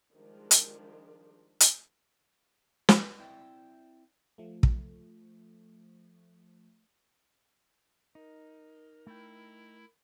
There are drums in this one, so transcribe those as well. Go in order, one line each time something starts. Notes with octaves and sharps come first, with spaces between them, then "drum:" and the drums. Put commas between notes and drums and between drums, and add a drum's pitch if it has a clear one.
D#3 F3 G3 G#3 D4
drum: hi-hat
drum: hi-hat
drum: snare
C4 E4 D5 E5 G5
F3 A3
drum: kick
D#4 A#4
A3 E4 G5